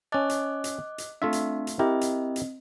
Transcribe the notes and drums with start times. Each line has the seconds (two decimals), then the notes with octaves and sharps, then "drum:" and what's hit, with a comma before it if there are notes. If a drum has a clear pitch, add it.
0.12 C#4 D#5 A5 D6 F#6
0.29 drum: hi-hat
0.64 drum: hi-hat
0.98 drum: hi-hat
1.22 A3 C4 D4 F4 E5
1.33 drum: hi-hat
1.67 drum: hi-hat
1.79 C4 E4 G4 A#4 D#5
2.01 drum: hi-hat
2.36 drum: hi-hat